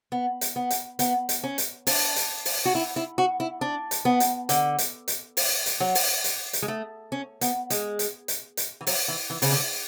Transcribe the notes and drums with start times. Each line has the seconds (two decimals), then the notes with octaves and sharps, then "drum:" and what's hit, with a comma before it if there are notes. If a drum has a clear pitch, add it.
0.12 B3
0.41 drum: hi-hat
0.56 B3
0.70 drum: hi-hat
0.99 B3, drum: hi-hat
1.29 drum: hi-hat
1.43 C#4
1.58 drum: hi-hat
1.87 D4, drum: open hi-hat
2.16 drum: hi-hat
2.45 drum: open hi-hat
2.65 F#4
2.75 E4
2.96 E4
3.18 F#4
3.40 E4
3.61 D4
3.91 drum: hi-hat
4.05 B3
4.20 drum: hi-hat
4.49 D3, drum: hi-hat
4.78 drum: hi-hat
5.08 drum: hi-hat
5.37 drum: open hi-hat
5.66 drum: hi-hat
5.80 F#3
5.95 drum: open hi-hat
6.24 drum: hi-hat
6.53 drum: hi-hat
6.62 G#3
6.68 A3
7.12 C#4
7.41 B3, drum: hi-hat
7.70 G#3, drum: hi-hat
7.99 drum: hi-hat
8.28 drum: hi-hat
8.57 drum: hi-hat
8.81 E3
8.87 F#3, drum: open hi-hat
9.08 E3
9.30 E3
9.42 C#3, drum: open hi-hat
9.52 D3